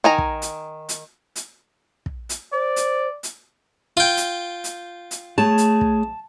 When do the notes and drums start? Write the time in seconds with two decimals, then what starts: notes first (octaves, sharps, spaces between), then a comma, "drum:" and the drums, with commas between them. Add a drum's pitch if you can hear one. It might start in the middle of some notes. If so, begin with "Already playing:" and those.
0.04 D#3 G#5 A#5
0.18 drum: kick
0.42 drum: hi-hat
0.89 drum: hi-hat
1.36 drum: hi-hat
2.06 drum: kick
2.29 drum: hi-hat
2.53 C5 D5
2.76 drum: hi-hat
3.23 drum: hi-hat
3.97 F4 G5
4.17 drum: hi-hat
4.64 drum: hi-hat
5.11 drum: hi-hat
5.38 A3 G#4 C#5 A5
5.58 drum: hi-hat
5.81 drum: kick